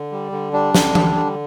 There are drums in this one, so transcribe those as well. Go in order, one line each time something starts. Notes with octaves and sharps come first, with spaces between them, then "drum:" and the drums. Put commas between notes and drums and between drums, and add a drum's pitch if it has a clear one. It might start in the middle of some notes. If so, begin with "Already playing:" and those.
Already playing: D3
G3
D3
G3 D4
D3, drum: snare
G3, drum: tom E3
D3